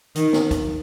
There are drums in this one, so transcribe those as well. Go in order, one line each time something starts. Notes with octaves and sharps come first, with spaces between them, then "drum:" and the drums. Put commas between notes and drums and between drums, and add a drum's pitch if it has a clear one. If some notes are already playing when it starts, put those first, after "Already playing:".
D#3, drum: hi-hat
drum: snare
drum: kick, hi-hat